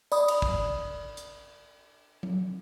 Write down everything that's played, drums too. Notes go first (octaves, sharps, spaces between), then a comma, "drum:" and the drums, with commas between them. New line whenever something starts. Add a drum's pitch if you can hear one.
D5 B5 D#6, drum: tambourine
drum: cymbal
drum: kick
drum: hi-hat
drum: tom F#3